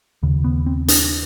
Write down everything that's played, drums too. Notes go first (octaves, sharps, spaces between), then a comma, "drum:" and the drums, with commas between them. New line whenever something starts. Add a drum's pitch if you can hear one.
D#2 C#3
B3
C4
D4, drum: hi-hat